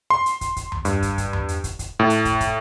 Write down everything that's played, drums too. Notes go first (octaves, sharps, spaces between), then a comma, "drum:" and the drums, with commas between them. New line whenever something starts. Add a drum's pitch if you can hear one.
C6
drum: hi-hat
drum: kick, hi-hat
drum: kick, hi-hat
drum: tom E2
G2, drum: hi-hat
drum: kick, hi-hat
drum: kick, hi-hat
drum: tom E2
drum: hi-hat
drum: kick, hi-hat
drum: kick, hi-hat
A2
drum: hi-hat
drum: kick, hi-hat
drum: kick, hi-hat